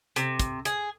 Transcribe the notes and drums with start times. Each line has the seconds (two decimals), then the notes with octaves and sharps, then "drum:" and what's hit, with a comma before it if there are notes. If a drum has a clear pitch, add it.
0.16 C3, drum: hi-hat
0.40 drum: kick, hi-hat
0.65 G#4, drum: hi-hat